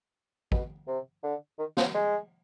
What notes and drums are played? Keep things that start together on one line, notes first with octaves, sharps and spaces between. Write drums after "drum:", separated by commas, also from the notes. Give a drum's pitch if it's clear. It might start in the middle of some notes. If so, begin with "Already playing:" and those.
B2, drum: kick
C3
D3
D#3
F3, drum: snare
G#3